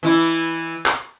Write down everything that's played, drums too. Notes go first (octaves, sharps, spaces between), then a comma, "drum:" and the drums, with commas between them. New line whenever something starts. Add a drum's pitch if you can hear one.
E3 E4
drum: tambourine
drum: clap